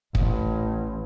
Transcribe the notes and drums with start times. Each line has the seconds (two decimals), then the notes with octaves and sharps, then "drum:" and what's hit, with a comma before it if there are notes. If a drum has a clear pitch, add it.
0.15 A1, drum: kick